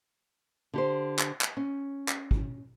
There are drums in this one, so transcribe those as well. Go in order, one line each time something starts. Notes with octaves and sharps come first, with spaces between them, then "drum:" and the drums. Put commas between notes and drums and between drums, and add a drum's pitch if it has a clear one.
D3 G4 C5
drum: clap
drum: clap
C#4
drum: clap
drum: kick